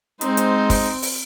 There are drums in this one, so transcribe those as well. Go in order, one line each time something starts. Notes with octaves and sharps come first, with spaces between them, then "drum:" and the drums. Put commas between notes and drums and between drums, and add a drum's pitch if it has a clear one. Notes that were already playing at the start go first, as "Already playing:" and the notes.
G#3 C4 D#4 C5, drum: hi-hat
drum: hi-hat
drum: kick, open hi-hat
drum: open hi-hat